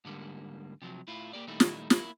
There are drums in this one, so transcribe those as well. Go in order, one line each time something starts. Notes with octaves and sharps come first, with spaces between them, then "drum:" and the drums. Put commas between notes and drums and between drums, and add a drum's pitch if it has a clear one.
G#2 D3 G3 A#3
C3 F3 F#3
A2 E4 F4
A#3 G4 D5
A#2 D#3 G3 A3 D#4 E4
drum: snare
A#3 E4, drum: snare